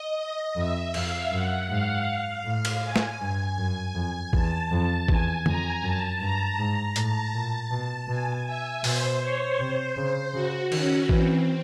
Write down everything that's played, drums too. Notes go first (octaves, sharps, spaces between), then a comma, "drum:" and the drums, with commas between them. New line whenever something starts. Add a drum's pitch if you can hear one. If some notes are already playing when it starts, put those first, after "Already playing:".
Already playing: D#5
D#5
F2 E5
F2 F5, drum: cymbal
F#2 F#5
G#2 F5
A2
drum: cymbal
G#5
drum: snare
G2
F#2
F2
E2 A5, drum: kick A1
F2 A5
E2 G#5, drum: kick A1
F2 A#5, drum: tom D3
F#2 A5
G2 A#5
G#2
A2 A5, drum: hi-hat
A#2 A5
B2 A5
B2 G#5
E5
B2 C5, drum: open hi-hat
C#5
C3 C5
C#3
C#3 F#4
D#3 C#4, drum: cymbal
E3 C4, drum: kick A1